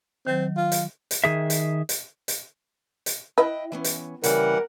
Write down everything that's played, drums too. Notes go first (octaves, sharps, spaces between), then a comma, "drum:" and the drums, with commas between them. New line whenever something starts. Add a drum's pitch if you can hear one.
D#3 F#3 C4
F4
drum: hi-hat
drum: hi-hat
D#3 G#4 E5
drum: hi-hat
drum: hi-hat
drum: hi-hat
drum: hi-hat
E4 B4 D#5 G5
E3 B3 C#4
drum: hi-hat
C#3 E3 G3 A#4 F#5, drum: hi-hat